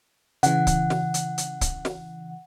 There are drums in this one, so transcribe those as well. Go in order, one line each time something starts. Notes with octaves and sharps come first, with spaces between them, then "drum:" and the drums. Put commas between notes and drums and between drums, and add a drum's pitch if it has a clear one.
C#3 E3 F#5, drum: hi-hat
drum: kick C#1, hi-hat
drum: snare
drum: hi-hat
drum: hi-hat
drum: kick C#1, hi-hat
drum: snare